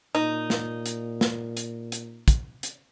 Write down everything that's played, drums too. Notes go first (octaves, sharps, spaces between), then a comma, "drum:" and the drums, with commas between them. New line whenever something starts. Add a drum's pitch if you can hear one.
A#2 D#4
drum: snare
drum: hi-hat
drum: snare
drum: hi-hat
drum: hi-hat
drum: kick, hi-hat
drum: hi-hat